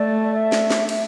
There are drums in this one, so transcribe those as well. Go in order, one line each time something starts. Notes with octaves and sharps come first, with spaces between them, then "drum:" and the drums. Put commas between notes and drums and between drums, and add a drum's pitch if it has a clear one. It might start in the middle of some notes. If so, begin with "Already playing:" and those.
Already playing: A3 D5
E5
drum: snare
drum: snare
E5, drum: cymbal